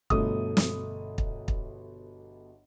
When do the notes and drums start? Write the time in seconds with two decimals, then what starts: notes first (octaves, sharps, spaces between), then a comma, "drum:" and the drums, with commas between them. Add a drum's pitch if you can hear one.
0.10 G1 B2 A3 D#6, drum: kick
0.57 drum: snare
1.18 drum: kick
1.48 drum: kick